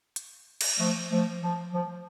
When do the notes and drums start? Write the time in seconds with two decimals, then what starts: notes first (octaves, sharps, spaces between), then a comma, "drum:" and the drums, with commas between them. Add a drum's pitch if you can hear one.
0.16 drum: hi-hat
0.61 drum: cymbal
0.79 F3 A3
1.11 F3 A3
1.42 F3
1.73 F3